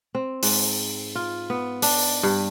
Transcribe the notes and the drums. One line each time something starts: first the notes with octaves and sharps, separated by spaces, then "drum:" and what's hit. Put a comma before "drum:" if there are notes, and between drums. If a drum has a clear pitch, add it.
C4
G#2, drum: open hi-hat
F4
B3
D4, drum: open hi-hat
G2